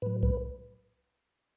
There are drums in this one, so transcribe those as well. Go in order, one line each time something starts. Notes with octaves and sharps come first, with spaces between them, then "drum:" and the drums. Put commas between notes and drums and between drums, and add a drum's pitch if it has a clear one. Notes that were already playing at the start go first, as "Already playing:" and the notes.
A2 F#3 B4
B4, drum: kick B1